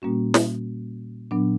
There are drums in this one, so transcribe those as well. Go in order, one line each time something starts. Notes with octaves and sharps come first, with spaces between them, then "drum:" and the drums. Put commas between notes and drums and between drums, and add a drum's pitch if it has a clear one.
A#2 G3 A#3 C#4 F#4
drum: snare
A#2 F#3 B3 D4